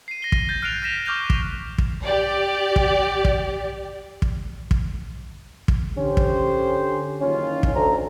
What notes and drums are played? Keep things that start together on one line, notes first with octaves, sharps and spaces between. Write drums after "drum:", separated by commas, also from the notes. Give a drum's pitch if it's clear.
C7 D#7
A#6 G7
drum: kick
G6 A6
F6 F#6 C7 D7 D#7 F7
F6 F#6 A#6 B6 E7 F7
C#6 D6 F6 G6 F7 G7
drum: kick
drum: kick
G4 D5
drum: kick
drum: kick
drum: kick
drum: kick
drum: kick
D3 C#4 G4 C5
drum: kick
F#1 D#3 C#4 F4
drum: kick
D2 A4 A#5